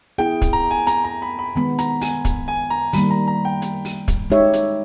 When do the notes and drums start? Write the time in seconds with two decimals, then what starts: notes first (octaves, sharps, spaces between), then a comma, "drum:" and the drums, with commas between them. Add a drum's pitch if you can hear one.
0.18 B3 E4 G#4 G5
0.42 drum: kick, hi-hat
0.53 A#5
0.71 G#5
0.87 A#5, drum: hi-hat
1.04 A#5
1.22 B5
1.39 B5
1.56 D#3 G#3 B3 B5
1.79 A#5, drum: hi-hat
2.01 G#5, drum: open hi-hat
2.25 drum: kick, hi-hat
2.48 G#5
2.70 A#5
2.93 D#3 G3 A#3 B5, drum: open hi-hat
3.11 A#5
3.28 A#5
3.45 G5
3.62 drum: hi-hat
3.85 drum: open hi-hat
4.08 drum: kick, hi-hat
4.30 G#3 D#4 G4 C#5 E5
4.53 drum: hi-hat